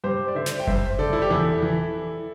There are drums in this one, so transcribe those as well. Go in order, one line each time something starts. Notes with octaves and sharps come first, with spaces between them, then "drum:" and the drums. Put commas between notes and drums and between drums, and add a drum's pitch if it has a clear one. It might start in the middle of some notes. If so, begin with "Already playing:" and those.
G2 G4 C5
D5
D3 C5 E5
drum: snare
G5
G2 C5 E5, drum: kick F#1
D3 A4 D5
E4
G4
E2 E4 A4
E3